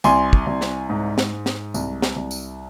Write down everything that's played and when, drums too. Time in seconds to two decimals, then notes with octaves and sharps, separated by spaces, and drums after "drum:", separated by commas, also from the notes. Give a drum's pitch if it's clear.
0.04 C2 G#5 C6, drum: tambourine
0.33 drum: kick
0.47 C2
0.61 drum: snare
0.90 G#2
1.18 drum: snare
1.32 G#3
1.46 drum: snare
1.74 C2, drum: tambourine
2.02 drum: snare
2.16 C2
2.31 drum: tambourine